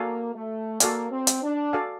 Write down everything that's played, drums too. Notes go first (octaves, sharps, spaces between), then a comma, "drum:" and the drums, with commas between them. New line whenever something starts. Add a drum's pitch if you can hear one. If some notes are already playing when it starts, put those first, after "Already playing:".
Already playing: A#3 F#4 A4 D5 F5 G#5
A3
A#3 F#4 A4 D5 F5 G#5, drum: hi-hat
C4
drum: hi-hat
D4
F#4 A4 D5 F5 G#5